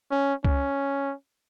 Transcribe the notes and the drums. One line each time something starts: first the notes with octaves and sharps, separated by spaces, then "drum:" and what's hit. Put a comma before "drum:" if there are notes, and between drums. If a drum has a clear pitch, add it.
C#4
C#4, drum: kick C#2